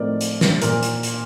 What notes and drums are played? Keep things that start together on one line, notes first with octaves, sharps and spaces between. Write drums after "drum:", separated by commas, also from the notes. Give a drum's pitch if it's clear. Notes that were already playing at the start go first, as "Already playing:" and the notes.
Already playing: A2 F3 A3 C4 D#4 A#4 D5
drum: hi-hat
drum: snare
A#2 A#4, drum: hi-hat
drum: hi-hat
drum: hi-hat